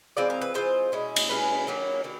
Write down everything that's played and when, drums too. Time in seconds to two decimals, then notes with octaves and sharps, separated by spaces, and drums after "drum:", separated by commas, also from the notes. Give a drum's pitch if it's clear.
0.17 E3 G#3 C4 F4 D5
0.30 A#4
0.41 B4
0.54 E3 G#3 C4 F4 C5
0.92 B2 G#3 C#4 E4
1.16 drum: cymbal
1.29 B2 G#3 C#4 E4 B4
1.67 D#3 F#3 A#3 C#4
2.04 D#3 F#3 A#3